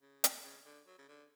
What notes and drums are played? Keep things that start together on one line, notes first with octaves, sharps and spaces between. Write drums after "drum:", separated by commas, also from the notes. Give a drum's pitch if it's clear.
C#3
drum: hi-hat
C#3
D3
F#3
C#3
D3